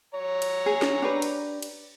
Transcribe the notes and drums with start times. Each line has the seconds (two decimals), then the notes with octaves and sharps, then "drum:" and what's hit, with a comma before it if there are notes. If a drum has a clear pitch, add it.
0.14 C#5 A#5
0.42 drum: cymbal
0.66 G#4
0.82 drum: snare
1.02 D4 G4 B4
1.22 drum: cymbal
1.62 drum: cymbal